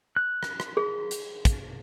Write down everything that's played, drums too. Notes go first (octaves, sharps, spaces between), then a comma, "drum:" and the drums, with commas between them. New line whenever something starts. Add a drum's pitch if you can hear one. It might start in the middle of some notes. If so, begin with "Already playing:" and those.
F#6
drum: rim click
drum: rim click
G#4
drum: hi-hat
drum: kick, hi-hat